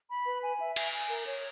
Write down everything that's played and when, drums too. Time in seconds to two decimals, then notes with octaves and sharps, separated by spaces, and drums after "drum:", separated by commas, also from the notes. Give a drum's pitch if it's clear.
0.09 B5
0.25 B4
0.43 G#5
0.59 E5
0.76 G#5, drum: cymbal
0.93 G#5
1.09 A#4
1.28 C#5